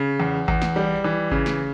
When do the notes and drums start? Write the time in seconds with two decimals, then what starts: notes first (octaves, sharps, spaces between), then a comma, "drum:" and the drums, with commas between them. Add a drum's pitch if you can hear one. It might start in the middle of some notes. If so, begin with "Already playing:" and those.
Already playing: C#3
0.20 E2
0.48 E2, drum: kick G#1
0.62 drum: snare
0.76 G3
1.04 E3
1.31 C#3, drum: kick G#1
1.46 drum: snare